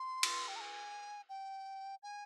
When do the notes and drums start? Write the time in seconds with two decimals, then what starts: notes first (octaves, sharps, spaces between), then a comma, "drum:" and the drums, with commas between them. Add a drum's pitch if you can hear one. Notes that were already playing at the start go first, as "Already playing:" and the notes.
Already playing: C6
0.23 drum: cymbal
0.48 G5
0.56 A#5
0.60 G#5
1.29 G5
2.03 G#5